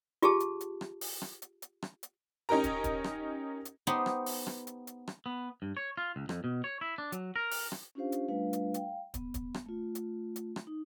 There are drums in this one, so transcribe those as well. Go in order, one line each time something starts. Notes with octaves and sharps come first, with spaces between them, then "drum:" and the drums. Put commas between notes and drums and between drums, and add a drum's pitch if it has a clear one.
F4 G4 G#4 A5, drum: hi-hat
drum: hi-hat
drum: hi-hat
drum: rim click
drum: open hi-hat
drum: rim click
drum: hi-hat
drum: hi-hat
drum: rim click
drum: hi-hat
C#4 D#4 G4 A#4 A#5
drum: kick, hi-hat
drum: kick, hi-hat
drum: rim click
drum: hi-hat
B3 D#4 G4 C5, drum: hi-hat
drum: rim click
drum: open hi-hat
drum: rim click
drum: hi-hat
drum: hi-hat
drum: rim click
B3
G2
C#5
F4
C#2
F2, drum: rim click
B2
C#5
E4
D4
F#3, drum: hi-hat
A#4
drum: open hi-hat
drum: rim click
C#4 D4 F4 G4 C5 F5
drum: hi-hat
G3 A3 D4 F4 B4 F5
drum: hi-hat
F5 G5, drum: hi-hat
B3, drum: kick, hi-hat
drum: kick, hi-hat
drum: rim click
A3 F4
drum: hi-hat
drum: hi-hat
drum: rim click
D#4